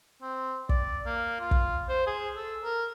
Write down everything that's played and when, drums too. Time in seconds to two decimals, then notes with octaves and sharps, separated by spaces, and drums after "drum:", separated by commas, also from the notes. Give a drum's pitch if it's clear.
0.22 C4
0.69 D5, drum: kick
1.06 A#3
1.40 F4
1.51 drum: kick
1.89 C5
2.07 G#4
2.36 A4
2.64 A#4